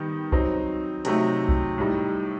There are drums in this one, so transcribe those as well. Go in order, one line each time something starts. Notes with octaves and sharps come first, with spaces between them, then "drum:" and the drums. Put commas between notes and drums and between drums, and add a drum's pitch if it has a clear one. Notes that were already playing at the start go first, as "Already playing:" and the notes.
Already playing: D#3 G3 B3 D#4
F#3 C4 D#4, drum: kick B1
C3 F#3 A3 D#4, drum: hi-hat
drum: kick B1
A2 G3 D#4